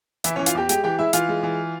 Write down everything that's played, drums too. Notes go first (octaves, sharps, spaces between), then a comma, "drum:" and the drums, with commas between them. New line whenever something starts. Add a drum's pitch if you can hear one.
E3 E4 E5, drum: hi-hat
E3 C#4 C#5
F4 F5, drum: hi-hat
E2 G4 G5
G#3 G4 G5, drum: hi-hat
E3 G4 G5
G#3 E4 E5
E3 F4 F5, drum: hi-hat
G#3
E3